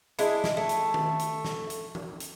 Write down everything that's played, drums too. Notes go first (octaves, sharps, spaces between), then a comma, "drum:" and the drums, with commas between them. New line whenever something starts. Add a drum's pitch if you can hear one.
G#3 D4 E4, drum: hi-hat
drum: snare
A3
drum: hi-hat
drum: tom D#3
drum: hi-hat
drum: snare
drum: hi-hat
drum: tom E3
drum: hi-hat